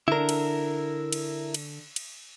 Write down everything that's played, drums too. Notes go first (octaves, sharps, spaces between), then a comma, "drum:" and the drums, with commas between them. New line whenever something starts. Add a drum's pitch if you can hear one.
D3 D4 E4 A#4
drum: cymbal
drum: cymbal
drum: cymbal
drum: cymbal